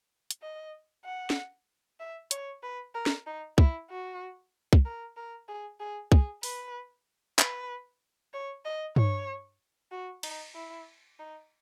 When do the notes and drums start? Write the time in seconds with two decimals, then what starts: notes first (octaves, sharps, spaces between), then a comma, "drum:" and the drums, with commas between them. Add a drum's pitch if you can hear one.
0.31 drum: hi-hat
0.42 D#5
1.05 F#5
1.30 drum: snare
2.00 E5
2.31 C#5, drum: hi-hat
2.63 B4
2.95 A#4
3.06 drum: snare
3.26 D#4
3.58 E4, drum: kick
3.90 F#4
4.73 drum: kick
4.85 A#4
5.17 A#4
5.48 G#4
5.80 G#4
6.12 G#4, drum: kick
6.43 B4, drum: open hi-hat
7.39 B4, drum: clap
8.33 C#5
8.65 D#5
8.96 C#5, drum: tom G2
9.92 F#4
10.23 D#4, drum: cymbal
10.55 E4
11.19 D#4